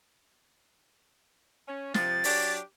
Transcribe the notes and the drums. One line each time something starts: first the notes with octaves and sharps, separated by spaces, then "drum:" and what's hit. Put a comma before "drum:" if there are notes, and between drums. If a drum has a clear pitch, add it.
C#4
C3 F3 A6, drum: snare
F#3 D4 G4, drum: open hi-hat